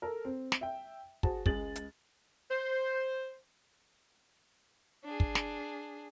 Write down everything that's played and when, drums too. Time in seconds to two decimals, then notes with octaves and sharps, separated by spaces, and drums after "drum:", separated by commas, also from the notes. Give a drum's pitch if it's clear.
0.02 A4 A#4
0.25 C4
0.52 drum: snare
0.61 E5 G5
1.23 F#4 G#4 C5 A5, drum: kick
1.46 C#2 G#3 G#4 A6 F#7, drum: kick
1.76 drum: hi-hat
2.50 C5
5.04 D4 G#4
5.20 drum: kick
5.35 drum: snare